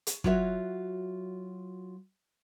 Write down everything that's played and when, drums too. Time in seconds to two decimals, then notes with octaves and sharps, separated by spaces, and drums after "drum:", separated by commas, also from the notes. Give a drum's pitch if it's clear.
0.07 drum: hi-hat
0.24 F#3 F4 F#4 C#5 D5 E5, drum: kick